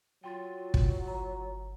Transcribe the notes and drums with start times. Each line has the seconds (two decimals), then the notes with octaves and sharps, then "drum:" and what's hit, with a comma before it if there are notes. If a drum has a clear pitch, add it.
0.24 F#3 F4 G5 C6 A6
0.74 drum: kick
1.08 G1 A#5